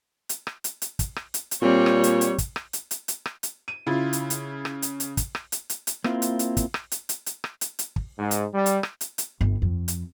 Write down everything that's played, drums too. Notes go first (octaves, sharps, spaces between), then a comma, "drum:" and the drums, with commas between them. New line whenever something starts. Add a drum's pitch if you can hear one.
drum: hi-hat
drum: rim click
drum: hi-hat
drum: hi-hat
drum: kick, hi-hat
drum: rim click
drum: hi-hat
drum: hi-hat
A#2 G3 C4 C#5
drum: rim click
drum: hi-hat
drum: hi-hat
drum: kick, hi-hat
drum: rim click
drum: hi-hat
drum: hi-hat
drum: hi-hat
drum: rim click
drum: hi-hat
D#7
C#3 E4 F4
drum: hi-hat
drum: hi-hat
drum: rim click
drum: hi-hat
drum: hi-hat
drum: kick, hi-hat
drum: rim click
drum: hi-hat
drum: hi-hat
drum: hi-hat
A#3 C4 E4 F4, drum: rim click
drum: hi-hat
drum: hi-hat
drum: kick, hi-hat
drum: rim click
drum: hi-hat
drum: hi-hat
drum: hi-hat
drum: rim click
drum: hi-hat
drum: hi-hat
drum: kick
G#2
drum: hi-hat
G3
drum: hi-hat
drum: rim click
drum: hi-hat
drum: hi-hat
G1
F2
drum: hi-hat